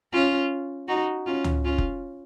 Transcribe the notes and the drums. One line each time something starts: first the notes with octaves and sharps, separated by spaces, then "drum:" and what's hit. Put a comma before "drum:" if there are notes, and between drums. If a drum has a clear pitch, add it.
C#4 F4
D#4 F#4
C#4 F4
drum: tom C#2
C#4 F4
drum: kick F1